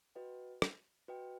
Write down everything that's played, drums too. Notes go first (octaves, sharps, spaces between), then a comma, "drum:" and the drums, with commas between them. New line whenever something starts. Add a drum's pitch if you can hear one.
F#4 B4 D#5 G5
drum: rim click
F#4 B4 D#5 G5